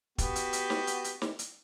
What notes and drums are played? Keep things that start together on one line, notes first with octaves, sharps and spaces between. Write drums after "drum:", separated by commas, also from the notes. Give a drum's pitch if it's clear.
B3 F#4 G4, drum: kick, hi-hat
drum: hi-hat
drum: hi-hat
drum: snare
drum: hi-hat
drum: hi-hat
drum: snare
drum: hi-hat